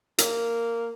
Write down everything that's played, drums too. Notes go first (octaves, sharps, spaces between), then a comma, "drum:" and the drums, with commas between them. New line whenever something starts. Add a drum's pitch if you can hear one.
A#3, drum: hi-hat